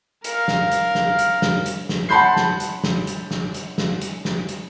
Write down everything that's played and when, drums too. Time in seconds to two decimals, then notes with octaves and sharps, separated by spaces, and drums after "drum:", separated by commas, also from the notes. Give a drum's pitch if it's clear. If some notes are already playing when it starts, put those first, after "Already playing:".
0.24 A#4 F5, drum: hi-hat
0.48 drum: snare
0.72 drum: hi-hat
0.95 drum: snare
1.19 drum: hi-hat
1.42 drum: snare
1.66 drum: hi-hat
1.89 drum: snare
2.09 F#5 A5 B5 C6 G6 C7
2.36 drum: snare
2.60 drum: hi-hat
2.84 drum: snare
3.07 drum: hi-hat
3.31 drum: snare
3.54 drum: hi-hat
3.78 drum: snare
4.01 drum: hi-hat
4.25 drum: snare
4.49 drum: hi-hat